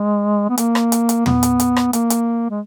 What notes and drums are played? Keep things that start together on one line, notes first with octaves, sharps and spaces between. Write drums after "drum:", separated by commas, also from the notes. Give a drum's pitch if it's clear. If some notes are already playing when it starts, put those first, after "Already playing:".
Already playing: G#3
B3
A#3, drum: hi-hat
drum: rim click
drum: hi-hat
drum: hi-hat
B3, drum: tom
drum: hi-hat
drum: hi-hat
drum: rim click
A#3, drum: hi-hat
drum: hi-hat
G#3